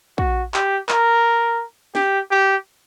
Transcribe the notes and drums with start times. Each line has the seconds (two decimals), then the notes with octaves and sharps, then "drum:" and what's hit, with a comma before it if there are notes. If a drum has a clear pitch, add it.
0.18 F#4, drum: kick
0.54 G4, drum: clap
0.89 A#4, drum: clap
1.95 G4, drum: snare
2.31 G4